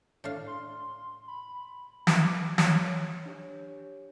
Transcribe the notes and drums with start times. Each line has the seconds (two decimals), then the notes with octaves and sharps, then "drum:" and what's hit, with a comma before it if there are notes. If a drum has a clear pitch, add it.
0.24 A2 D4 F5
0.47 C6
1.28 B5
2.07 E3 C5 G5 D6, drum: snare
2.58 C#5, drum: snare
3.26 D4 G4 C#5